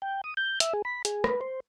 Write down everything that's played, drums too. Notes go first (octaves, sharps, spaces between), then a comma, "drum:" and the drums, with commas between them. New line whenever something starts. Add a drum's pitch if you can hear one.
G5
D#6
G6
E5, drum: hi-hat
G#4
B5
G#4, drum: hi-hat
B4, drum: rim click
C5